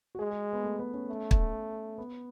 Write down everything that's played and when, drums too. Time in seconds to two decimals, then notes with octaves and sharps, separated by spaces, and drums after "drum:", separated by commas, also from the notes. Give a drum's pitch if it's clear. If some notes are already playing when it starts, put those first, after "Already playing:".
0.15 F#4
0.19 G#3 G#4
0.30 G#4
0.53 B3
0.64 A3
0.79 B3
0.94 C#4
1.09 A3
1.31 drum: kick
1.98 B3